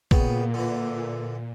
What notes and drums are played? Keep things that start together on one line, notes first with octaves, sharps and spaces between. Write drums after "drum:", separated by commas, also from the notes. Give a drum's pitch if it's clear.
A#2 C#3 B3 G5, drum: kick
D3 E3